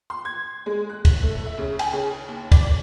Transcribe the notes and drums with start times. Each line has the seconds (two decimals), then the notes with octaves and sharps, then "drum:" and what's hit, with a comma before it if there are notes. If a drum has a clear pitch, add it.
0.10 C6
0.25 G#6
0.66 G#3
0.89 F#6
1.05 drum: kick, cymbal
1.23 A3
1.46 E5
1.58 C#3
1.79 G#5, drum: cymbal
1.93 C#3
2.28 D#2
2.52 D5, drum: kick, cymbal